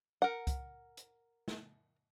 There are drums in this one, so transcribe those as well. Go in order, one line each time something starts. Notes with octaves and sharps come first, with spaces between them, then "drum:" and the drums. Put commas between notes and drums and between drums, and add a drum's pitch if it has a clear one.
A#4 F#5
drum: kick C2, hi-hat
drum: hi-hat
drum: snare